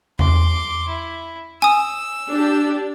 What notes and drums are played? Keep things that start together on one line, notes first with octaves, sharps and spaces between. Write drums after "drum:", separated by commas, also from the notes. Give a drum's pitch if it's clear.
C6 D6, drum: tom E2
E4
G#5 D#6 E6
D4 G4